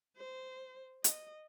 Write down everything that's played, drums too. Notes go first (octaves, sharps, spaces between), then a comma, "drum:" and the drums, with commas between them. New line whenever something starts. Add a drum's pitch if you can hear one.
C5
D#5, drum: hi-hat